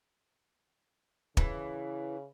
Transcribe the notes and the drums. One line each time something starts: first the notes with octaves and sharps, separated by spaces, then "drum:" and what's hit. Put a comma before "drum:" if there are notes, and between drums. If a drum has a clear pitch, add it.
C#3 E3, drum: kick